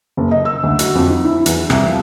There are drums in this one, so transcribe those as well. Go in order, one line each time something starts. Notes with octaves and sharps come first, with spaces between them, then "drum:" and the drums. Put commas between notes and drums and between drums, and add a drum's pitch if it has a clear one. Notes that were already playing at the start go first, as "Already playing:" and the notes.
F#1
D#5
E6
D2
F#4, drum: hi-hat
F2
D#4
E4
E2, drum: hi-hat
C2, drum: rim click
F3